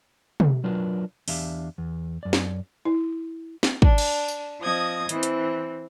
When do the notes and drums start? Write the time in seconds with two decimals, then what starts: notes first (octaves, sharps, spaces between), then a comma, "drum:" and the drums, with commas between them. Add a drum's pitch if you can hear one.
0.40 drum: tom
0.64 F#3 D4 F4 A#4 B4
1.28 E2 D4 G4 E5 F5, drum: open hi-hat
1.78 E2
2.23 F#2 D5
2.33 drum: snare
2.85 E4
3.63 drum: snare
3.82 D4, drum: kick
3.98 drum: cymbal
4.28 drum: tambourine
4.61 F3 C4 D#5 D#6 G#6
5.09 E3 C4, drum: hi-hat
5.23 drum: hi-hat